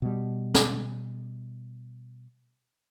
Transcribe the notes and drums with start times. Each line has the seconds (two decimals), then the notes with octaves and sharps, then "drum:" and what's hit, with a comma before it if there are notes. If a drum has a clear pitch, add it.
0.02 B2 G3
0.54 drum: snare